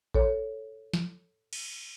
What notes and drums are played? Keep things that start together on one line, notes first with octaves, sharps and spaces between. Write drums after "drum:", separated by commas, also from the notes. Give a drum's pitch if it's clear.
A4 C#5, drum: kick A1
drum: snare
drum: cymbal